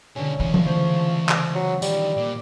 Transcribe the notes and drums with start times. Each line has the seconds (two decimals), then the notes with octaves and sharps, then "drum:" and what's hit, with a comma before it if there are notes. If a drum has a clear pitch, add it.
0.16 B2 D3 G#3 C#4 D4
0.40 C#2 E3 G#4
0.54 drum: tom F3
0.65 F3 A3 C#4 C5
1.29 drum: clap
1.55 F#3
1.82 D#3 F3 G3, drum: tambourine
2.17 A#2 D5